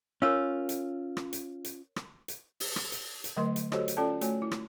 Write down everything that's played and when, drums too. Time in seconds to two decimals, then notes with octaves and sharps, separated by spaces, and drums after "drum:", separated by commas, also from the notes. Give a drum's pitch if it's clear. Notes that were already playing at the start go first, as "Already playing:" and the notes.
0.22 C#4 F4 A#4 C#5 E6
0.69 drum: hi-hat
1.17 drum: rim click
1.33 drum: hi-hat
1.64 drum: hi-hat
1.96 drum: rim click
2.28 drum: hi-hat
2.60 drum: open hi-hat
2.76 drum: rim click
2.92 drum: hi-hat
3.24 drum: hi-hat
3.36 D3 F#3 A3 A#4 D#5 C6
3.56 drum: hi-hat
3.72 F#4 G4 A4 C5 C#5 D#5, drum: rim click
3.88 drum: hi-hat
3.97 C#4 F4 A4 D5 G5 A5
4.21 A3 F#4 C#5 G#5, drum: hi-hat
4.42 E4
4.51 drum: rim click